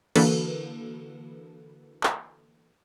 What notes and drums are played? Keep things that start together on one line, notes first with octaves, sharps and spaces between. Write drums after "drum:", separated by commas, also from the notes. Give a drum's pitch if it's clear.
D3 E3 A#3 F#4 A4 B4, drum: cymbal
drum: clap